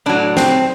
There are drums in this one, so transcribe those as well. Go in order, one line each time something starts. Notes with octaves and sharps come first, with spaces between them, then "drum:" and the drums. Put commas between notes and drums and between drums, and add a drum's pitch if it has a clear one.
A2 F#3 D4
C4, drum: snare